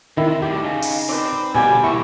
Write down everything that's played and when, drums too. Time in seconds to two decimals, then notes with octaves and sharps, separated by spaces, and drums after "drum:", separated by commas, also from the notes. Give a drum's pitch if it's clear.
0.17 C3 D#3 E4
0.42 A2 G3 G4
0.63 C#3 D#4
0.82 drum: open hi-hat
1.09 C4 B4 D5 G5
1.55 B2 D3 G3 G5 G#5 D6
1.84 E3 A#3 E4 C#6